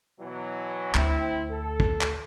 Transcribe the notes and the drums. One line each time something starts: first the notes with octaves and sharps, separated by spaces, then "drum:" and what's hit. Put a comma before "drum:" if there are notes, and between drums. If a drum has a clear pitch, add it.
B2 E3 F#3
D2 C4 E4, drum: clap
A4
drum: kick
drum: clap